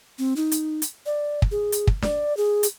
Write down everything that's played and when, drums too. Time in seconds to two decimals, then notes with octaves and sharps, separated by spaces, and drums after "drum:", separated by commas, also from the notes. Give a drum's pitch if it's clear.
0.19 C4
0.36 D#4
0.52 drum: hi-hat
0.82 drum: hi-hat
1.06 D5
1.42 drum: kick
1.51 G#4
1.72 drum: hi-hat
1.87 drum: kick
2.02 D5, drum: snare
2.37 G#4
2.63 drum: hi-hat